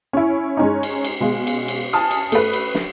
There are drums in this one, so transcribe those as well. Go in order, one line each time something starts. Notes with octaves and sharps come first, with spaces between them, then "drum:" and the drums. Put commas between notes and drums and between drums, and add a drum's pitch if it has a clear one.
C#4 E4
G#3 C#4 D#4
drum: cymbal
drum: cymbal
B2 G#3 F5
drum: cymbal
drum: cymbal
G#5 A5 D#6 F6
drum: cymbal
A3 B4, drum: cymbal
drum: cymbal
drum: snare